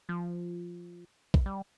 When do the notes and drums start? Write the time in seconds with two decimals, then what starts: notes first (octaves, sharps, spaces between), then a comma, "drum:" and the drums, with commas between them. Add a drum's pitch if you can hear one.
0.09 F3
1.34 drum: kick A#1
1.46 G3